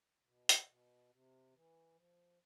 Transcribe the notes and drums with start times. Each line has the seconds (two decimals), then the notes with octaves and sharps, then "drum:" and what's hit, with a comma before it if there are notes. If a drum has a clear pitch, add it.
0.23 B2
0.49 D3, drum: hi-hat
0.57 C3
0.66 B2
1.09 C3
1.52 E3
1.94 F3